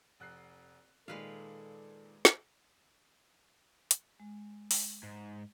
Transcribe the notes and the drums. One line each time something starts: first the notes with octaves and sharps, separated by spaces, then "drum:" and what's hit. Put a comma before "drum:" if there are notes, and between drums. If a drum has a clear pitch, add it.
F1 F#6 C7
A#2 D#3 G#3 A4 B4 F5
drum: snare
drum: hi-hat
G#3
drum: open hi-hat
G#2